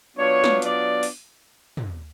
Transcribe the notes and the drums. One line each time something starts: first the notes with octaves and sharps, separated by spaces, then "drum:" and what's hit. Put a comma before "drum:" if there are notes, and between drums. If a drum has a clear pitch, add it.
F#3 B3 D4 F4 C#5
drum: snare
D5, drum: hi-hat
drum: open hi-hat
drum: tom